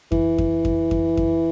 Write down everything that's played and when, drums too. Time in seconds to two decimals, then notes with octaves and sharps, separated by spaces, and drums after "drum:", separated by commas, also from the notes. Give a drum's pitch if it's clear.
0.12 E3, drum: kick F2
0.38 drum: kick F2
0.65 drum: kick F2
0.91 drum: kick F2
1.17 drum: kick F2